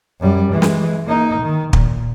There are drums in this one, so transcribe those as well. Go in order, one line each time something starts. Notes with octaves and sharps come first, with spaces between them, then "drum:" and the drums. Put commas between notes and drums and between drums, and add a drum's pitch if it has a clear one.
F#2 G3
E3 G#3
drum: snare
A#3 D#4
D#3
A#2, drum: kick